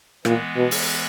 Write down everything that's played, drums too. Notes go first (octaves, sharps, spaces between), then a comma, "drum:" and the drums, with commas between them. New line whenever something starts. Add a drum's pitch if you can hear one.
A#2 E3 G#3 B3, drum: rim click
B2
drum: open hi-hat